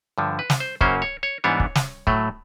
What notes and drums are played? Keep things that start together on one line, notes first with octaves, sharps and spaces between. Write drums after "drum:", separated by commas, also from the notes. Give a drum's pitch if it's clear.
G2 D3 F3
B4
drum: snare
C5
F#2 C#3 F#3 A#3 C#4 C5, drum: kick
C#5
C#5
G#2 E3 G3 B3 D4 C#5
drum: kick
drum: snare
A2 F#3 A3, drum: kick